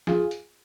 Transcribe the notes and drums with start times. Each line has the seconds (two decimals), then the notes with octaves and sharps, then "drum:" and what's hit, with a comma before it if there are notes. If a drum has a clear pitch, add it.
0.07 F4 G#4, drum: snare
0.31 drum: hi-hat